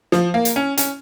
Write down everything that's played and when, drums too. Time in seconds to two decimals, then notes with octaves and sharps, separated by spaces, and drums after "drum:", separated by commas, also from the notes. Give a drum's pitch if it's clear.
0.12 F3, drum: snare
0.34 A#3
0.45 drum: hi-hat
0.56 C#4
0.78 C#4, drum: hi-hat